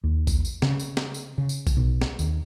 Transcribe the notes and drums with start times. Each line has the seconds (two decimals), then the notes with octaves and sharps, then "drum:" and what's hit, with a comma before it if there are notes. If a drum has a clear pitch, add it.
0.04 D#2
0.27 drum: kick A#1, tambourine
0.45 drum: tambourine
0.62 C#3, drum: snare
0.80 drum: tambourine
0.97 drum: snare
1.14 drum: tambourine
1.38 C#3
1.49 drum: tambourine
1.67 drum: kick A#1, tambourine
1.77 B1
2.01 drum: snare
2.19 D#2, drum: tambourine